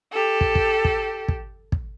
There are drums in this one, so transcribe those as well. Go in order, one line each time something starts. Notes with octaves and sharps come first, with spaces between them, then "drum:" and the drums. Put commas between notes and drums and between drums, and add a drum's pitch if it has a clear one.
G4 A4
drum: kick
drum: kick
drum: kick
drum: kick
drum: kick